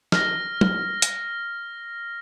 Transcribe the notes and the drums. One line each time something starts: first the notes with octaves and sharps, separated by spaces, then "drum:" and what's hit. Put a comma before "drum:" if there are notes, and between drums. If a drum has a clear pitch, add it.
F6 A#6, drum: snare
drum: tom
drum: hi-hat